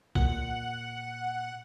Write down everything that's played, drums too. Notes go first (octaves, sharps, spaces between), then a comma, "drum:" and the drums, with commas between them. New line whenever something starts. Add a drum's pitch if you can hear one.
A#2 F#5, drum: kick B1